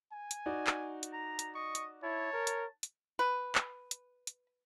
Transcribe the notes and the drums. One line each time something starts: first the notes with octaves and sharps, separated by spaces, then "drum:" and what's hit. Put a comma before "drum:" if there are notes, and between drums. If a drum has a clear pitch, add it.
G#5
drum: hi-hat
D#4 F#4 D5
drum: clap
drum: hi-hat
A#5
drum: hi-hat
D#5 C#6
drum: hi-hat
E4 C#5 A5
A#4
drum: hi-hat
drum: hi-hat
B4
drum: clap
drum: hi-hat
drum: hi-hat